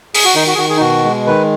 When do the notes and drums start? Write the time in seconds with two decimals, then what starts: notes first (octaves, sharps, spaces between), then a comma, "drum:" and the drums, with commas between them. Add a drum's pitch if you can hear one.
0.15 G#4, drum: open hi-hat
0.24 F#4
0.35 D#3 D#4
0.47 F#4
0.54 G#4
0.58 D#3 F#4
0.69 G#4
0.77 D#4
0.80 B2 F#4
1.04 G#3
1.27 D#3 B4